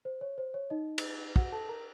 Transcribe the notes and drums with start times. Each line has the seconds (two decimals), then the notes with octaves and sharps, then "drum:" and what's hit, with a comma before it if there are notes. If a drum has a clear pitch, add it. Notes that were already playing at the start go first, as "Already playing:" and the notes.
0.05 C5
0.21 C#5
0.38 C5
0.54 C#5
0.70 D#4 D#5
0.98 drum: cymbal
1.36 F#4 F#5, drum: kick
1.52 A4 A5
1.69 A#4 A#5